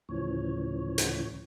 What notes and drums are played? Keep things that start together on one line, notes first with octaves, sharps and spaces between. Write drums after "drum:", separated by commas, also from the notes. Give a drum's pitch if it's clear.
D2 A2 C#3 E3 F3 C#5
drum: hi-hat